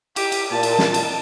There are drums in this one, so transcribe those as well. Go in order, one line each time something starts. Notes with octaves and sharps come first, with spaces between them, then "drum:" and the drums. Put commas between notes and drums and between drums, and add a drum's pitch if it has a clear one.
G4, drum: cymbal
drum: cymbal
A#2 A5
drum: cymbal
drum: snare
drum: cymbal